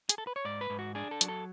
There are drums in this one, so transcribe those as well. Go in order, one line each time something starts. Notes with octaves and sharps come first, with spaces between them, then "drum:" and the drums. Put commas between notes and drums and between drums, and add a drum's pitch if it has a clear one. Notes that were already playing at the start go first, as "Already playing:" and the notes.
G#4, drum: hi-hat
A4
B4
C#5
G#2 D5
B4
G#2
F#4
D4 G#4
A4
F#3, drum: hi-hat
A4